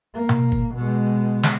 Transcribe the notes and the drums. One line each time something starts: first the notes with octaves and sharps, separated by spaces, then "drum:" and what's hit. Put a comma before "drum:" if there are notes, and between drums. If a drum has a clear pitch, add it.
A#3
drum: tom B2
drum: kick
B2 G#3
drum: snare